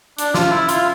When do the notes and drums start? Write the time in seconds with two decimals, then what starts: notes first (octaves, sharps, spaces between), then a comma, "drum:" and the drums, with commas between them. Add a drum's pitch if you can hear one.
0.18 D4, drum: hi-hat
0.34 F4, drum: snare
0.51 E4
0.69 F4, drum: hi-hat